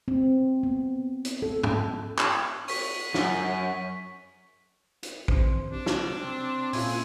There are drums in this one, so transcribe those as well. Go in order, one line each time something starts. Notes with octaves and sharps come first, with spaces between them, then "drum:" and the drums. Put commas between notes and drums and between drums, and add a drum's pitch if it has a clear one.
C4
B3
drum: hi-hat
A4
drum: tom
drum: clap
C#6 B6, drum: open hi-hat
F#2, drum: snare
drum: hi-hat
C3 E3 C5, drum: kick A#1
C3 D4
drum: snare
C4
A#2 C#4 E4 F4 A4 G#5, drum: open hi-hat